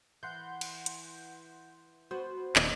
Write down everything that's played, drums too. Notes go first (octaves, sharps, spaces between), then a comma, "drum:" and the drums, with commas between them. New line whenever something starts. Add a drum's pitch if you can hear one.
E3 F#5 C6 G6
drum: cymbal
drum: hi-hat
B3 F#4 C5
D#1 D#4, drum: clap